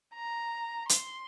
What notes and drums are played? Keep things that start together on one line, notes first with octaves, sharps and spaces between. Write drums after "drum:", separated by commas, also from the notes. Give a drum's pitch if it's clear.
A#5
C6, drum: hi-hat